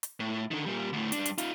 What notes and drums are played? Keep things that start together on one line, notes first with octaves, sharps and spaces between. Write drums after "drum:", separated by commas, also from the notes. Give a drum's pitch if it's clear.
drum: hi-hat
A2
D3 D#3
A#2 G3
D2 A2
G2 D4, drum: hi-hat
drum: hi-hat
D#4 F4, drum: hi-hat